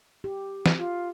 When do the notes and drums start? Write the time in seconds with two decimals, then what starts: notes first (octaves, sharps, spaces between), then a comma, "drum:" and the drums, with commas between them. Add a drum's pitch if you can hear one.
0.24 G4
0.66 drum: snare
0.78 F4